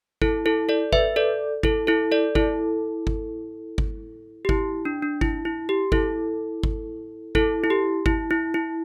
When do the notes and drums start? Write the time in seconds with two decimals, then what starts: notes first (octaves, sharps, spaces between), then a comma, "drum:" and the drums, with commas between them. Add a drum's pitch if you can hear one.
0.22 E4 A4, drum: kick G1
0.46 E4 A4
0.69 A4 D5
0.93 B4 E5, drum: kick G1
1.16 A4 D5
1.63 E4 A4, drum: kick G1
1.87 E4 A4
2.12 A4 D5
2.35 E4 A4, drum: kick G1
3.07 drum: kick G1
3.78 drum: kick G1
4.45 G4
4.49 E4, drum: kick G1
4.85 D4
5.02 D4
5.21 E4, drum: kick G1
5.45 E4
5.69 G4
5.92 E4 A4, drum: kick G1
6.63 drum: kick G1
7.35 E4 A4, drum: kick G1
7.64 E4
7.70 G4
8.06 E4, drum: kick G1
8.31 E4
8.54 E4